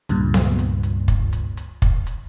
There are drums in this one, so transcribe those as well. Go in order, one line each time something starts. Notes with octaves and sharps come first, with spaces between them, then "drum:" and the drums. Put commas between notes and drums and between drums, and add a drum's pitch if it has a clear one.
C#2 G2 A#2, drum: hi-hat
drum: snare B3
drum: hi-hat
drum: hi-hat
drum: kick, hi-hat
drum: hi-hat
drum: hi-hat
drum: kick, hi-hat
drum: hi-hat